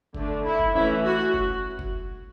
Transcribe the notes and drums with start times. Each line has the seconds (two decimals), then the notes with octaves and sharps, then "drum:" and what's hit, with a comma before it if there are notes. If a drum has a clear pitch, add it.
0.15 D3 A3 D4, drum: kick
0.44 E4
0.59 drum: kick
0.74 E3 A3 C#4 E4
1.04 F#4
1.34 drum: kick
1.79 drum: kick